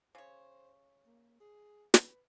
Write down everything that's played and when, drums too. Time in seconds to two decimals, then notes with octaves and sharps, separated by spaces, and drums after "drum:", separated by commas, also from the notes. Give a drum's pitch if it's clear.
0.15 C#3 C5 C#5
1.06 A#3
1.40 G#4
1.94 B4, drum: snare